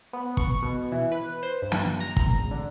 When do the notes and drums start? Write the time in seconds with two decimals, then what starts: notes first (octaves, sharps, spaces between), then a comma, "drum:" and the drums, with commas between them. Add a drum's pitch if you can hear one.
0.13 B3
0.37 C#6, drum: kick
0.62 B2
0.92 E3
1.12 B4
1.43 C5
1.62 G2
1.72 drum: snare
2.00 A#5
2.16 drum: kick
2.28 G#1
2.51 D3